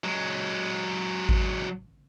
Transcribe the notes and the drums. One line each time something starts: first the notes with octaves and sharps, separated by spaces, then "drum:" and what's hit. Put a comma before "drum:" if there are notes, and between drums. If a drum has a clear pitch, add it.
F#3 G#3
drum: kick G#1